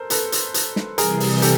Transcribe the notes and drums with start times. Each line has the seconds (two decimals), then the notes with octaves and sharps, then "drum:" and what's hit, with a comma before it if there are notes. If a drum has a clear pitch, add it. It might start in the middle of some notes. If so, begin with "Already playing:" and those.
Already playing: A4 A#4 C5
0.10 A4 B4, drum: hi-hat
0.32 drum: hi-hat
0.54 drum: hi-hat
0.76 drum: snare
0.98 C3 E3 G3 G#4 A#4, drum: hi-hat
1.20 drum: open hi-hat
1.42 G4 A4, drum: hi-hat